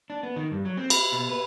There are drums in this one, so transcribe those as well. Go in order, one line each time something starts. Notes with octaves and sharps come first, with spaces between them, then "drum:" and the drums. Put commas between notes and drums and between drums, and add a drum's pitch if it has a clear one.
D4
B3
D#3
G2
F#3
C4
B5, drum: cymbal
B2
B4